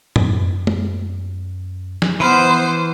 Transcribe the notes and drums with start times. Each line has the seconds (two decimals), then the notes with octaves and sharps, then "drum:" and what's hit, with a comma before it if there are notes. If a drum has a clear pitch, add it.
0.16 F#2, drum: tom G#2
0.67 drum: tom
2.02 drum: snare
2.20 E3 B3 C5 B5 F6